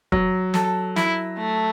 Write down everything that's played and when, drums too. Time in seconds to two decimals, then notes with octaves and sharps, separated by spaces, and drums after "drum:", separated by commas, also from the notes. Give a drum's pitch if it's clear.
0.12 F#3, drum: kick E1
0.54 A4, drum: snare
0.96 E4, drum: snare
1.38 A3